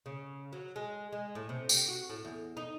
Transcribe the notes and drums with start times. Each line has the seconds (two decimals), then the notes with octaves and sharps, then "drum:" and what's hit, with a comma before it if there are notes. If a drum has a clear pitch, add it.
0.06 C#3
0.53 F#3
0.76 G#3
1.13 G#3
1.35 A2
1.49 C3
1.69 G4, drum: tambourine
1.88 F#4
2.10 A2
2.25 E2
2.57 D#4